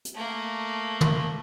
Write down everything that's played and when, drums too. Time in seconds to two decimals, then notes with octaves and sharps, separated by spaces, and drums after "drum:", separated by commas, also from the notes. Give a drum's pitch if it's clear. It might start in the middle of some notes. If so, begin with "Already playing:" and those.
0.05 drum: hi-hat
0.15 A3 A#3
1.01 drum: tom